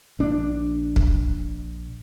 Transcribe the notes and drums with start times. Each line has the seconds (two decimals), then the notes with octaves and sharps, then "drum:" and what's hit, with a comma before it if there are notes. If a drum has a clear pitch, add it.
0.19 A#1 D4
0.96 drum: kick